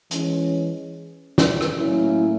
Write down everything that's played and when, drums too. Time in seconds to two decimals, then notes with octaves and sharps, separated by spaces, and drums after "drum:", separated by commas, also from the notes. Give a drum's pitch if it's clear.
0.11 E3 G#3 C#4, drum: hi-hat
1.38 drum: snare
1.61 drum: rim click
1.78 A2 F#3 A#3 C#4 E4